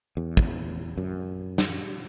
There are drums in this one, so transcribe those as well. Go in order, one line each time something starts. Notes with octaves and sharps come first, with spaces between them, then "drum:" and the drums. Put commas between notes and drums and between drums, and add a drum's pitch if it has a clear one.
E2
drum: kick
F#2
drum: snare